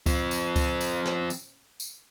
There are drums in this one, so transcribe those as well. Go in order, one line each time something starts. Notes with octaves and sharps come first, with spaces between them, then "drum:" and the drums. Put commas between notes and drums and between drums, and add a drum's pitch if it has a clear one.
F3 C4, drum: kick C#2, tambourine
drum: tambourine
drum: kick C#2, tambourine
drum: tambourine
drum: snare
drum: tambourine
drum: tambourine